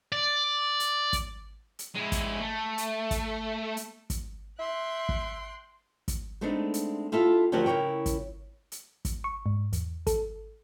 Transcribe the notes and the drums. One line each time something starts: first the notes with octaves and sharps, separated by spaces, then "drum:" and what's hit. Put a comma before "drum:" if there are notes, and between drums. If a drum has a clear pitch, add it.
D5
drum: hi-hat
drum: kick, hi-hat
drum: hi-hat
G#3 E4
drum: kick, hi-hat
A3
drum: hi-hat
drum: kick, hi-hat
drum: hi-hat
drum: kick, hi-hat
E5 G5 C6 F#6
drum: kick
drum: kick, hi-hat
G#3 A3 B3 C4 D4 D#4
drum: hi-hat
E4 F4 G4 A4 E5 F5
D2 F3 F#3 G4 A#4 F#5
C#3 E4 A#4 C#5 G5
drum: kick, hi-hat
drum: hi-hat
drum: kick, hi-hat
C#6
G#2
E2, drum: hi-hat
A4, drum: kick, hi-hat